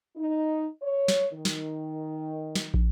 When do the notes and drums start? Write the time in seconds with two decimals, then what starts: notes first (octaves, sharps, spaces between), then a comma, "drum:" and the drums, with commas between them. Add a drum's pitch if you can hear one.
0.16 D#4
0.82 C#5
1.08 drum: snare
1.33 D#3
1.45 drum: snare
2.55 drum: snare
2.74 drum: kick